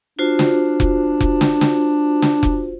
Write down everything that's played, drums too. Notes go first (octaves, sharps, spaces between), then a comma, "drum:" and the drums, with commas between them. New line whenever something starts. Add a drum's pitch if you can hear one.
D4 F4 F#4 C5
drum: snare
drum: kick F1
drum: kick F1
drum: snare
drum: snare
drum: snare
drum: kick F1